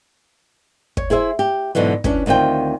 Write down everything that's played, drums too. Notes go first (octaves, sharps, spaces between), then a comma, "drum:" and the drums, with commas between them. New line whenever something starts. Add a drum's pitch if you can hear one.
C#5, drum: kick
E4 G#4 C5 E5
G4
G#2 B2 D3 E3 F#3
E3 C#4 D4, drum: kick
D2 D#3 C4 F4 G5